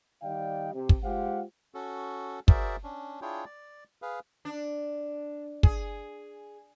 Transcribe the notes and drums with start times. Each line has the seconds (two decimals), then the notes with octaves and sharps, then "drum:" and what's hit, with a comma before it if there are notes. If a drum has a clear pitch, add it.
0.23 D#3 G3 D5 D#5 F5 G5
0.74 C3
0.89 drum: kick
1.04 G#3 F4 G4 C5 F5 F#5
1.75 C#4 F#4 A4
2.48 F#4 G#4 A#4 C5 D5 E5, drum: kick
2.84 C#4 D4
3.22 D4 E4 F4 G#4 C#5 G5
3.45 D5
4.02 G#4 B4 F5
4.45 D4
5.63 G#4, drum: kick